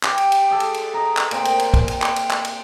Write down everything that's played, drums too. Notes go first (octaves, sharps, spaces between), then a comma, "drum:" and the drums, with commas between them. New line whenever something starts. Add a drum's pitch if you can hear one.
G4, drum: clap
drum: cymbal
drum: cymbal
G#4 A4
drum: cymbal
drum: cymbal
D#5 A#5
drum: clap
A#2 C4, drum: cymbal
drum: cymbal
drum: cymbal
drum: kick, cymbal
drum: cymbal
drum: clap
drum: cymbal
drum: clap
drum: cymbal